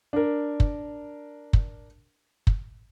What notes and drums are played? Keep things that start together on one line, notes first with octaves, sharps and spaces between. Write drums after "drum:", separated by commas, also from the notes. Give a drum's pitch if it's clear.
D4 A#4
drum: kick
drum: kick
drum: kick